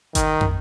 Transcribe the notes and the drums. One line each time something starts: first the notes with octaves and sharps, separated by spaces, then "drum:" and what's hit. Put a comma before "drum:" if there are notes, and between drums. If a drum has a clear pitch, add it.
D#3, drum: kick G1, hi-hat
drum: tom